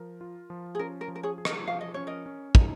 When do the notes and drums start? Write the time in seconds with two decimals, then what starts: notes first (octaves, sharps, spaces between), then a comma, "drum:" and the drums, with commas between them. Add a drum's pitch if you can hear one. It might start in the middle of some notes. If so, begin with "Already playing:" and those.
Already playing: F3 A#4
0.21 F4
0.50 F3
0.75 G#4
0.79 C#4 A#4
1.01 A#4
1.08 F3
1.16 A#4
1.23 G#4 C#5
1.38 G#4
1.45 A#4 D#5, drum: rim click
1.67 F3 F5
1.81 D#5
1.94 C#4 C#5
2.07 A#4 D#5
2.26 C#4
2.55 D#4, drum: kick